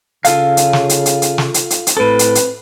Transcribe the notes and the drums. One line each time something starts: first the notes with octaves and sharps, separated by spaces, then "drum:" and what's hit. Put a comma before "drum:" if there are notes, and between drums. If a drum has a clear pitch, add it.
C#3 F4 A4 F5, drum: hi-hat
drum: hi-hat
drum: snare
drum: hi-hat
drum: hi-hat
drum: hi-hat
drum: snare
drum: hi-hat
drum: hi-hat
drum: hi-hat
A2 C4 A4 B4
drum: hi-hat
drum: hi-hat